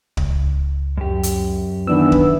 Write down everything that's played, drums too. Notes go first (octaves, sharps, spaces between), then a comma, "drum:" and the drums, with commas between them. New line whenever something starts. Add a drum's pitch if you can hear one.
C#2, drum: kick D1
F#2 G4
drum: hi-hat
D#3 E3 B3 D4 E6
drum: kick D1